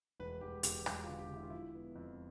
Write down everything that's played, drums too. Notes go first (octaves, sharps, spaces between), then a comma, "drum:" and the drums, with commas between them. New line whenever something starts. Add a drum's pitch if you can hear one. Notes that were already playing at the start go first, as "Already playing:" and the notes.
E1 B4
E1 G4
E1 G4, drum: hi-hat
E1 G4, drum: rim click
F4
D3
G4
D3
E4
F4
F3 E4
B3
F2